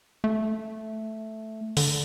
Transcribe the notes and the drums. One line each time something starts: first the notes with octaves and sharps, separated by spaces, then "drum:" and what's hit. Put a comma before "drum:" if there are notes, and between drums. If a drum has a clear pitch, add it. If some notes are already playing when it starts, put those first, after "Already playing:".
A3
D3, drum: open hi-hat